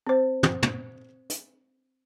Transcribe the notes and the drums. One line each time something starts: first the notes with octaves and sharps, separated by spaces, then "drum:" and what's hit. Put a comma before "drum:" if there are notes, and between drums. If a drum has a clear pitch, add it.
C4 C5
drum: tom
drum: tom
drum: hi-hat